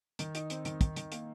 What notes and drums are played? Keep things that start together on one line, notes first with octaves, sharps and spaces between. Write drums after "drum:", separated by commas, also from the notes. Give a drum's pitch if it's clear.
D#3, drum: hi-hat
D#4, drum: hi-hat
C4, drum: hi-hat
D#3, drum: hi-hat
D#3, drum: kick, hi-hat
D#3, drum: hi-hat
A#3, drum: hi-hat